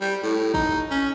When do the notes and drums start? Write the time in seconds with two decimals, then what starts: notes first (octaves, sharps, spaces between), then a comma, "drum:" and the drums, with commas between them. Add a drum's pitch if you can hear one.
0.01 G3
0.23 A2
0.54 D#4, drum: kick G#1
0.91 C#4